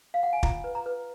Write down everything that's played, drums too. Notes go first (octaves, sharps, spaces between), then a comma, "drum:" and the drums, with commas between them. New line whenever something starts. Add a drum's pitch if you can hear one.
F5
F#5
G#5
F4 A#5, drum: kick
B4
A#5
B4